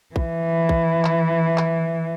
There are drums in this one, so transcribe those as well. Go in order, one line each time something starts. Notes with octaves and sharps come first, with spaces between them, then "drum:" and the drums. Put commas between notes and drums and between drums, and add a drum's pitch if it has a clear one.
E3, drum: kick
drum: kick
drum: clap
drum: clap